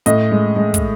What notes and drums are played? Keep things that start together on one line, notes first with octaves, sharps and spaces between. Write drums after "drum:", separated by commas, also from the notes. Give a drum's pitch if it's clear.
A2 D#5, drum: hi-hat
G#3
G#3
drum: kick, hi-hat